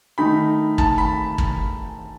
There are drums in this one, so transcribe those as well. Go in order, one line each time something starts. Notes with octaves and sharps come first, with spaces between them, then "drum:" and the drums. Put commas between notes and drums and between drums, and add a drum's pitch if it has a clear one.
D#3 A3 D#4 B5
A5, drum: kick
B5
drum: kick